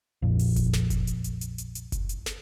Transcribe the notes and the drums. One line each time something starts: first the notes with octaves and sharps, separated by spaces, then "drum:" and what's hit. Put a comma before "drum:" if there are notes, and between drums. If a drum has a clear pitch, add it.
A#1 F2
drum: open hi-hat
drum: kick F#1, hi-hat
drum: snare
drum: kick F#1, hi-hat
drum: hi-hat
drum: hi-hat
drum: hi-hat
drum: hi-hat
drum: hi-hat
drum: kick F#1, hi-hat
drum: hi-hat
drum: snare